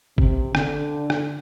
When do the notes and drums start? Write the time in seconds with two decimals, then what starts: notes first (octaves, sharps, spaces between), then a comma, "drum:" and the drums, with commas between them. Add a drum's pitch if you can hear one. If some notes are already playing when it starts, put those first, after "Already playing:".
0.18 C3, drum: kick G1
0.55 D3, drum: rim click
1.10 drum: rim click